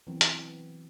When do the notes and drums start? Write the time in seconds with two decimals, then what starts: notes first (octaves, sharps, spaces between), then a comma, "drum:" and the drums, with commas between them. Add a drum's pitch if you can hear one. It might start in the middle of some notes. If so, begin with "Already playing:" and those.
0.07 E3 F#3 B3 C4
0.21 drum: hi-hat